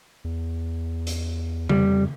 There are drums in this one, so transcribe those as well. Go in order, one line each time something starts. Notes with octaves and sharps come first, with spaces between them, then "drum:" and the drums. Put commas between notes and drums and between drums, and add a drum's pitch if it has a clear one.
E2
drum: hi-hat
F2 G3, drum: tom C#3